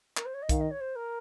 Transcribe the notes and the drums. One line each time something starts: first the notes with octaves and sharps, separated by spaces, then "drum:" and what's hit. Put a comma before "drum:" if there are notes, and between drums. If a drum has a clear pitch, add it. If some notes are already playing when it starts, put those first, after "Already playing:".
A#4, drum: clap
C5
C#5
D#5
D#3 F5, drum: kick B1, hi-hat
D#5
C#5
C5
A#4